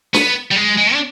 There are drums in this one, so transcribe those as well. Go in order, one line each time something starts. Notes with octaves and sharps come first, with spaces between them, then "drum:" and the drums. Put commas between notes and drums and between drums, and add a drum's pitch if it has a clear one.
B3, drum: snare
G3
G#3
G#3
D4